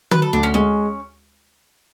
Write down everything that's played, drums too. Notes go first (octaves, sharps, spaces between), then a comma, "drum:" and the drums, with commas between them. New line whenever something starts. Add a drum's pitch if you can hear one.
F#3 B4, drum: tom
A4
D2 D4
C#4
G#3 C#4